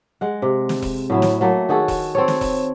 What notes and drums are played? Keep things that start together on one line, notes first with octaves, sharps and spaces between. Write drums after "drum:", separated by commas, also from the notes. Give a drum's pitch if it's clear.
G#3 F#5
C3
drum: snare
drum: kick E1, open hi-hat
A2 F#3 E4
drum: snare
F#3 A3 A#3
D#3 F#4 G#4 A4
drum: kick E1, open hi-hat
C4 A4 C#5
drum: snare
drum: kick E1, open hi-hat